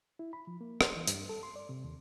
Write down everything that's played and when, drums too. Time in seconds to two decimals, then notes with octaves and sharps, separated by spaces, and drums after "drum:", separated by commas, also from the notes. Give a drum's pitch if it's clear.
0.19 E4
0.33 B5
0.47 F3
0.61 A#3
0.81 C6, drum: rim click
0.96 E3
1.07 G2, drum: hi-hat
1.29 A4
1.43 C6
1.56 D5
1.69 C3
1.84 D#2